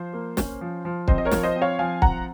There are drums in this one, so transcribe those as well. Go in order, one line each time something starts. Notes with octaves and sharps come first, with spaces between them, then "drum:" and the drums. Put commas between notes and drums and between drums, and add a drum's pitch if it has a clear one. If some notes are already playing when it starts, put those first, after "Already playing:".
Already playing: F3 C5
A#3
C#4, drum: snare
F3
F3
C4 C5 D#5, drum: kick
D#5
A#4 C#5
F3, drum: snare
C5 D#5
C4
C#5 F5
F3 F5 G#5
C4 F#5 A#5, drum: kick